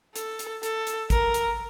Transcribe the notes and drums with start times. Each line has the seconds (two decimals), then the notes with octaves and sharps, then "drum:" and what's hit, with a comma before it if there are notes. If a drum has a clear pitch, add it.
0.16 A4, drum: hi-hat
0.39 drum: hi-hat
0.63 A4, drum: hi-hat
0.87 drum: hi-hat
1.10 A#4, drum: kick A1, hi-hat
1.34 drum: hi-hat